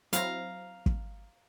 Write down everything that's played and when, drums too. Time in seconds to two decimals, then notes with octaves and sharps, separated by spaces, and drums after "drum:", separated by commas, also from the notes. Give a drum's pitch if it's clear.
0.13 F#3 C4 E4 F5 A#5, drum: hi-hat
0.86 drum: kick